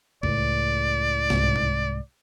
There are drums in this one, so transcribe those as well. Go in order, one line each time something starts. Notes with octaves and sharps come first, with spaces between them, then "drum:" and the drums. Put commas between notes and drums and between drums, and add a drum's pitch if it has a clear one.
C#2 A2 D5, drum: kick C2
C2 G#2, drum: snare
drum: tom G#2